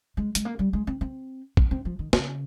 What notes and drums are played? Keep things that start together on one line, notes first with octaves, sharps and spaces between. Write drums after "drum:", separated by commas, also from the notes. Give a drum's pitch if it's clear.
G#3
G#3, drum: hi-hat
A#3
G3
G#3
C4
C4
C4, drum: kick
C4
F3
D#3
C#3, drum: snare